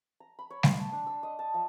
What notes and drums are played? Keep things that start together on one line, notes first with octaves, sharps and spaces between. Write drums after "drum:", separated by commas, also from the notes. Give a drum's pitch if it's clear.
A#5
B5
C#5
C6, drum: snare G3
A5
D4
E6
D#5
A5
F3